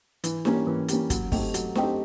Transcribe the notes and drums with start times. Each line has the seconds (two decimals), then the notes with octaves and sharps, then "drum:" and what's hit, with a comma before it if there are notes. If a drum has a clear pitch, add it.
0.24 E3, drum: hi-hat
0.45 G3 A#3 C#4, drum: snare D4
0.67 E3
0.88 G3 A#3 C#4, drum: hi-hat
1.10 F#3, drum: kick, hi-hat
1.32 A3 C4 D#4 G4, drum: kick, open hi-hat
1.54 F#3, drum: hi-hat
1.75 A3 C4 D#4 G4, drum: snare D4